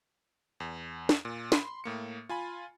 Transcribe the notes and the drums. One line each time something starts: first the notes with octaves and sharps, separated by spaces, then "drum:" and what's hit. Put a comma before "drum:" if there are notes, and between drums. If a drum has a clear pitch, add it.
E2
drum: snare
A#2
B5 C6, drum: snare
A2 A#3 C#7
F4 G#5 B5